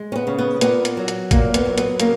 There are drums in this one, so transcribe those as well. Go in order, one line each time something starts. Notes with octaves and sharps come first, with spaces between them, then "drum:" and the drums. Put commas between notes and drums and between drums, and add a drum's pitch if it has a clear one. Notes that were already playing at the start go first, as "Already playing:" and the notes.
Already playing: G#3
C#4
B3
C#3
B3
A#2 B3, drum: hi-hat
drum: hi-hat
F#3
drum: hi-hat
A#2 A#3, drum: kick, hi-hat
B3, drum: hi-hat
F#3
B3, drum: hi-hat
C#3 A#3, drum: hi-hat